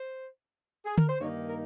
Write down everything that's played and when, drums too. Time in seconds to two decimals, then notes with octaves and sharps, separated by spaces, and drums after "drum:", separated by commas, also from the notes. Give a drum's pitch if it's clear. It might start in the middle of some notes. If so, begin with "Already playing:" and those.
Already playing: C5
0.86 G#4
0.98 A#4, drum: tom D3
1.09 C5
1.20 G2 D#3 A#3 D#4 C#5
1.48 A#4